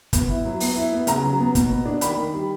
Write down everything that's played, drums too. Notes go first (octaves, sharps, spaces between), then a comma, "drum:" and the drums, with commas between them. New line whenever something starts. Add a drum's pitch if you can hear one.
B3, drum: kick, hi-hat
E4
F#3
B3, drum: open hi-hat
E4
B3
C#3 A#5, drum: hi-hat
F#3
B3
B2, drum: kick, hi-hat
B3
D4
D#3 B5, drum: hi-hat
D#3
G3